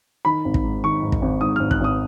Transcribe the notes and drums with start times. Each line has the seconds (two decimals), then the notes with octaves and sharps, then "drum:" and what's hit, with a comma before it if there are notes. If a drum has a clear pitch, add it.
0.25 D#3 B5
0.45 G#1
0.54 drum: kick
0.64 G#2
0.84 D#3 C#6
1.03 G#2
1.12 drum: kick
1.22 G#1
1.41 G#2 D#6
1.56 G#1 F6
1.71 F#6, drum: kick
1.81 G#1 D#6